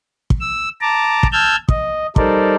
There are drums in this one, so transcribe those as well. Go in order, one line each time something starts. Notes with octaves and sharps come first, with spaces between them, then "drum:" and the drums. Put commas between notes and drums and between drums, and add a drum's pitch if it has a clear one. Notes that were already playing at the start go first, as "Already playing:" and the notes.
drum: kick
E6
A5 A#5 D6
drum: kick
A5 E6 F6 G6 G#6
D#5, drum: kick
G3 D#4 A4 A#4 C5 D5, drum: kick